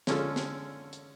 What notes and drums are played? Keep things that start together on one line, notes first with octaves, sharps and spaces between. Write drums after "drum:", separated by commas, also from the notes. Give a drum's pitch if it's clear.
D3 G#3 C#4 F4 A4, drum: snare
drum: snare
drum: hi-hat